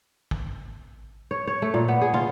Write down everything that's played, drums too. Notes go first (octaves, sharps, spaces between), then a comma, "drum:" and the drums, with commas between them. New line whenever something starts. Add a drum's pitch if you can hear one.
drum: kick
C#5
C#5
A3
A#2
B3
G#4
F4, drum: tom